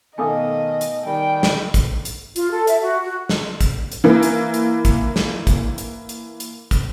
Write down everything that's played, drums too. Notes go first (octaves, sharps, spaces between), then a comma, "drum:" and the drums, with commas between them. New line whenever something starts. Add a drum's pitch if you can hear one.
B2 D#3 A3 D#5 F5 G#5 D6 D#6
drum: hi-hat
D#3 G3 G5
drum: snare
drum: kick, hi-hat
drum: hi-hat
F4, drum: hi-hat
A4
E5, drum: hi-hat
F#4
F#4
drum: snare
drum: kick, hi-hat
drum: hi-hat
E3 A#3
drum: hi-hat
drum: hi-hat
drum: kick, hi-hat
drum: snare
drum: kick, hi-hat
drum: hi-hat
drum: hi-hat
drum: hi-hat
drum: kick, hi-hat